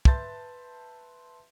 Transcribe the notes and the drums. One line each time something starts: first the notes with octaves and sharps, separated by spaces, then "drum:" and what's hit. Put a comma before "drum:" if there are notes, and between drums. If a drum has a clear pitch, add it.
B4 E5 A5 C6 G6 A6, drum: kick